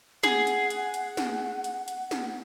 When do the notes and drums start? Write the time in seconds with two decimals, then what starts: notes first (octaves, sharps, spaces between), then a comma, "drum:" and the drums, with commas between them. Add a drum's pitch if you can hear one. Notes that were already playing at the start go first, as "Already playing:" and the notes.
0.23 G#4 F#5, drum: snare
0.47 drum: hi-hat
0.70 drum: hi-hat
0.94 drum: hi-hat
1.17 drum: snare
1.64 drum: hi-hat
1.88 drum: hi-hat
2.11 drum: snare